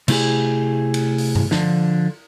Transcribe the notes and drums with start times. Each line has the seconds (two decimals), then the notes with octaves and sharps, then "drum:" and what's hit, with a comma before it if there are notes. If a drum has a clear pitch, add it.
0.08 C3 A3 E4 G4 G#4, drum: cymbal
0.94 drum: cymbal
1.18 drum: open hi-hat
1.35 drum: tom G2
1.51 D3 F3 D4, drum: snare